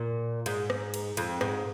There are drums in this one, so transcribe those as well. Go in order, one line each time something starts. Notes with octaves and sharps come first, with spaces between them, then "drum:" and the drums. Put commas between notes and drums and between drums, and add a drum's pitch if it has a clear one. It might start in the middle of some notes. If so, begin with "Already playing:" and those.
Already playing: A#2
G#2, drum: cymbal
drum: rim click
drum: cymbal
F2, drum: cymbal
G#2, drum: rim click